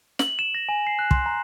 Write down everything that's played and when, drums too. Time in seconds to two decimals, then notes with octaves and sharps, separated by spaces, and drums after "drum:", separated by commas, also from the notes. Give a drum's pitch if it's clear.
0.19 F#7, drum: snare
0.39 E7
0.55 A#6
0.69 G#5
0.87 C7
0.99 F#6
1.11 C6, drum: kick
1.26 A#5